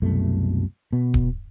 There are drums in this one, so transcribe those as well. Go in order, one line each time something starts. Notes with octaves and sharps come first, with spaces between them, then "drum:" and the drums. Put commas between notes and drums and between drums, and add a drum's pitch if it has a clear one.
C2 F#2 B2 A3
B2 B3
drum: kick D1